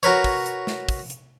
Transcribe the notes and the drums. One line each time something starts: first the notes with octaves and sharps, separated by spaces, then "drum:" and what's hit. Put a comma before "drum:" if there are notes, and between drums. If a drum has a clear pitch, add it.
F#4 A#4 B4 C#5, drum: hi-hat
drum: kick, open hi-hat
drum: hi-hat
drum: snare
drum: kick, open hi-hat
drum: hi-hat